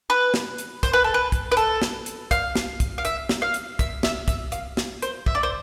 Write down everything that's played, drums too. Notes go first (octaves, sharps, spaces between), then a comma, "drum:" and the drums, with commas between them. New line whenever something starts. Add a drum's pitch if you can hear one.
B4
drum: snare
drum: hi-hat
C5, drum: kick, hi-hat
B4
A4
B4
drum: kick, hi-hat
B4
A4, drum: hi-hat
drum: snare
drum: hi-hat
F5, drum: kick, hi-hat
drum: snare
drum: kick, hi-hat
F5
E5, drum: hi-hat
drum: snare
F5
drum: hi-hat
E5, drum: kick, hi-hat
E5, drum: snare
E5, drum: kick, hi-hat
F5, drum: hi-hat
drum: snare
C5, drum: hi-hat
E5, drum: kick
D5
C5